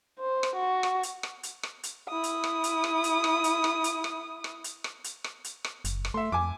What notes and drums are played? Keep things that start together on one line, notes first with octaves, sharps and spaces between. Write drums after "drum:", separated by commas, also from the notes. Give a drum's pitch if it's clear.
C5
drum: rim click
F#4
drum: rim click
drum: hi-hat
drum: rim click
drum: hi-hat
drum: rim click
drum: hi-hat
E4 D#6
drum: hi-hat
drum: rim click
drum: hi-hat
drum: rim click
drum: hi-hat
drum: rim click
drum: hi-hat
drum: rim click
drum: hi-hat
drum: rim click
drum: rim click
drum: hi-hat
drum: rim click
drum: hi-hat
drum: rim click
drum: hi-hat
drum: rim click
F#1, drum: hi-hat
drum: rim click
A3 E5 C6
F2 G#5 D6